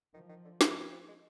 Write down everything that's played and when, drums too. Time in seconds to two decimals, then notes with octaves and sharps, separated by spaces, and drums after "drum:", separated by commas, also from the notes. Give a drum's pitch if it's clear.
0.13 D#3 F3
0.29 D#3
0.45 D3
0.61 A#2, drum: snare
0.76 G#2
0.92 F3
1.08 G#3